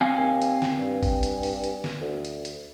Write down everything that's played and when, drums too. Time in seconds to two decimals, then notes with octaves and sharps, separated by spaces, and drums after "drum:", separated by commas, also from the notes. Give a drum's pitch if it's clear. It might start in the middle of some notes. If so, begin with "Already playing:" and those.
0.01 C4 F5 G#5
0.18 D#2
0.42 drum: hi-hat
0.62 drum: snare
0.79 G2
1.03 drum: kick A1, open hi-hat
1.23 drum: hi-hat
1.43 drum: open hi-hat
1.64 drum: hi-hat
1.84 drum: snare
2.01 D2
2.25 drum: hi-hat
2.45 drum: hi-hat